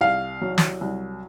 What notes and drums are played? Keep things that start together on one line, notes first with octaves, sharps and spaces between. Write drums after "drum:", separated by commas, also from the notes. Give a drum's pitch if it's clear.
C2 F5
F#3
drum: snare
C2